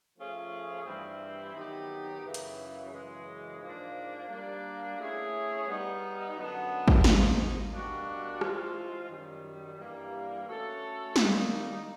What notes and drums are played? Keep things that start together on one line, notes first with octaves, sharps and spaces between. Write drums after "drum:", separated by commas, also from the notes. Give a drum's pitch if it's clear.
F3 A3 C#4 F4 G#4
G2 E3 G3 C4 E4
D#3 F#3 B3 D#4 G4
F#2 C#3 E3
drum: hi-hat
F#2 C#3 E3 G#3
G#2 F3 A#3 D4
G3 A#3 D4
A3 C#4 E4 G#4 C#5
G3 B3 D#4
F#2 D3 F#3 B3 D4
drum: kick
G#2 F3 A#3 D#4, drum: snare
B2 G3 A#3 D4 F#4
E3 G#3 C4 F4, drum: rim click
F#2 D#3 G3
G2 E3 G3 A#3
A3 C#4 F#4 A4 C#5
D#3 G3 A#3 D#4, drum: snare